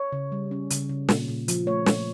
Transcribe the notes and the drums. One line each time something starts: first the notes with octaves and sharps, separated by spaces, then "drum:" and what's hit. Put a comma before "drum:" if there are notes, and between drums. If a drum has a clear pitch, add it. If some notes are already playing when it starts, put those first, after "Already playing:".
Already playing: C#5
C#3
G3
C#4
C#3, drum: hi-hat
C#3
A#2, drum: snare
A#2
F3, drum: hi-hat
A3 C#5
A#2, drum: snare